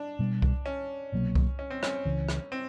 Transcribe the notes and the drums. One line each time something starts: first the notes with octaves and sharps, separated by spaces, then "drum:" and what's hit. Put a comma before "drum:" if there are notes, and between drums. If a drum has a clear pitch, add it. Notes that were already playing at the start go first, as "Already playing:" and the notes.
Already playing: D4
B2 G3 B3
drum: kick C2
C#4
C2 B2 F#3 A#3
drum: kick C2
C#4
C4
C#4, drum: rim click
C#2 C#3 E3
drum: rim click
C4